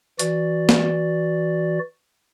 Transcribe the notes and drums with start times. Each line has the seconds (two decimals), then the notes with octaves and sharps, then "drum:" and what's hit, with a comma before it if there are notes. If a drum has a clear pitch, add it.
0.19 E3 F#4 D5, drum: hi-hat
0.69 drum: snare